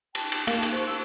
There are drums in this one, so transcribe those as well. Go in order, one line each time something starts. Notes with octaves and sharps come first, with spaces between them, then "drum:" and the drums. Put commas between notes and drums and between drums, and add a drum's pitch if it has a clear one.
G5 A5, drum: cymbal
drum: cymbal
A#3, drum: cymbal
drum: cymbal
C5 C#6
E6